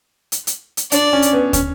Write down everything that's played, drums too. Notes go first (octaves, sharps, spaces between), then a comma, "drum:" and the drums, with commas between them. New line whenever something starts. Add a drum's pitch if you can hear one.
drum: hi-hat
drum: hi-hat
drum: hi-hat
D4 D5, drum: hi-hat
C#4
drum: hi-hat
B3
C#4, drum: kick, hi-hat